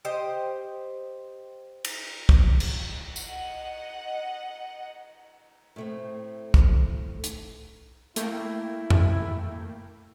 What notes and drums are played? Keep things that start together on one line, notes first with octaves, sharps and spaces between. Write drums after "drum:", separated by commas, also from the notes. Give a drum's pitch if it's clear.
G4 C5 D#5 G5
drum: cymbal
drum: kick
drum: cymbal
D#5 F#5, drum: tambourine
A2 A3 C4
drum: kick
drum: hi-hat
A3 A#3 E4 G5, drum: hi-hat
drum: tom F2